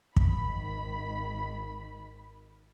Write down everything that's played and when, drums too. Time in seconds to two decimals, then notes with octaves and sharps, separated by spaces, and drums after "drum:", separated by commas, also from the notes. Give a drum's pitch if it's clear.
0.16 G#1 D#3 B5, drum: kick